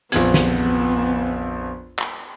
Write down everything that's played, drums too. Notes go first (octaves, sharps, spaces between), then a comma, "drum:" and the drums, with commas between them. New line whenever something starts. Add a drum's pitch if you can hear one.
A#1 F2 B3 G#6, drum: hi-hat
drum: snare
drum: clap